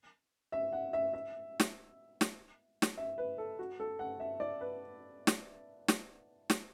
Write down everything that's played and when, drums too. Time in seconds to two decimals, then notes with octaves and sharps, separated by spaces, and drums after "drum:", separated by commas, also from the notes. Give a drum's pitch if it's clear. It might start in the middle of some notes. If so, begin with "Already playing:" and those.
0.52 E5
0.73 F#5
0.93 E5
1.14 E5
1.60 drum: snare
2.21 drum: snare
2.82 drum: snare
2.97 E5
3.18 B4
3.38 A4
3.59 F#4
3.80 A4
3.99 F#5
4.20 E5
4.40 D5
4.61 B4
5.27 drum: snare
5.88 drum: snare
6.50 drum: snare